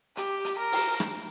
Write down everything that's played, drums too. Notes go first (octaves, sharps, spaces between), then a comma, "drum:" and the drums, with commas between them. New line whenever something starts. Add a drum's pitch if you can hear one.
G4, drum: hi-hat
drum: hi-hat
A#4
drum: open hi-hat
drum: rim click